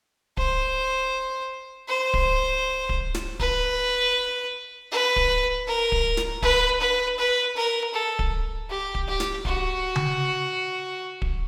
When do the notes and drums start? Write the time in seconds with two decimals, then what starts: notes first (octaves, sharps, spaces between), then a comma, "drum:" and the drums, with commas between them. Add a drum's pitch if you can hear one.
0.37 C5, drum: kick D1
1.88 C5
2.14 drum: kick D1
2.89 drum: kick D1
3.15 drum: snare
3.40 B4, drum: kick D1
4.91 B4
5.16 drum: kick D1
5.67 A#4
5.92 drum: kick D1
6.17 drum: snare
6.42 B4, drum: kick D1
6.81 B4
7.18 B4
7.56 A#4
7.94 A4
8.19 drum: kick D1
8.69 G4
8.95 drum: kick D1
9.08 G4
9.20 drum: snare
9.45 F#4, drum: kick D1
9.96 drum: tom C#3
11.22 drum: kick D1